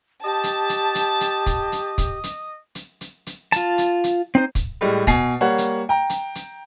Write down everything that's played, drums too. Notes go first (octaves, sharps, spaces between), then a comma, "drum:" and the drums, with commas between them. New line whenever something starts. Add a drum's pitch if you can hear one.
G4 D#5 A5
drum: hi-hat
drum: hi-hat
drum: hi-hat
drum: hi-hat
drum: kick, hi-hat
drum: hi-hat
drum: kick, hi-hat
drum: hi-hat
drum: hi-hat
drum: hi-hat
drum: hi-hat
F4 A5, drum: hi-hat
drum: hi-hat
drum: hi-hat
C4 D#4 C5
drum: kick, hi-hat
A2 G3 G#3
B2 G#5 C7, drum: kick, hi-hat
G3 A#3 C#5 F#5
drum: hi-hat
G5 A#5
drum: hi-hat
drum: hi-hat